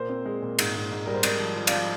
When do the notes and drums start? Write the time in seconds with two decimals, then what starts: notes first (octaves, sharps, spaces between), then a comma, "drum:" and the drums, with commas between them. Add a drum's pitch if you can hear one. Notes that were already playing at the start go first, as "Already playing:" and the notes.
Already playing: A#2 A#3 C5
0.09 C4
0.26 G#3
0.42 A#2
0.59 G#2, drum: cymbal
0.75 G#2
0.92 G#2
1.06 G3 A#4
1.14 C5
1.23 G#3 A#4 D5, drum: cymbal
1.40 F3
1.56 F3
1.67 D5 F5, drum: cymbal
1.73 F3